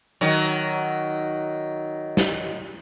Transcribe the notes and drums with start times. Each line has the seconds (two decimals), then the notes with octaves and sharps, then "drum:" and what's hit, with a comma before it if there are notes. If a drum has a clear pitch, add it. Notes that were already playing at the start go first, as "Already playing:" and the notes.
0.21 D#3 F#3, drum: hi-hat
2.17 drum: snare